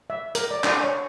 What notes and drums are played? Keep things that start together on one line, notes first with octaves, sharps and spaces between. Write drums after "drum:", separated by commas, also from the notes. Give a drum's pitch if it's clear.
E5
A#4, drum: hi-hat
D5
D4, drum: clap
C#5